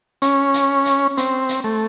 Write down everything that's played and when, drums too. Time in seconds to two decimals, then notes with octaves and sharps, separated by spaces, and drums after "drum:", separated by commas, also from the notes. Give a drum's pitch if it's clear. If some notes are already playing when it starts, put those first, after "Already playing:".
0.22 C#4, drum: hi-hat
0.54 drum: hi-hat
0.85 drum: hi-hat
1.17 C4, drum: hi-hat
1.49 drum: hi-hat
1.64 A3